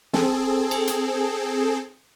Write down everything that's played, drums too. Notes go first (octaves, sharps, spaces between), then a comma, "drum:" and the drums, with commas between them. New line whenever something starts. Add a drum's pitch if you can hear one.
C4 G#4 A4, drum: snare
drum: cymbal
drum: hi-hat